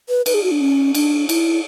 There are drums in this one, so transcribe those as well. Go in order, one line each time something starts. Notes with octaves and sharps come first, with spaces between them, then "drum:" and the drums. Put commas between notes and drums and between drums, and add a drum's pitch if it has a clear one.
B4
B4, drum: cymbal
G#4
F#4
D4
C#4
D4, drum: cymbal
E4, drum: cymbal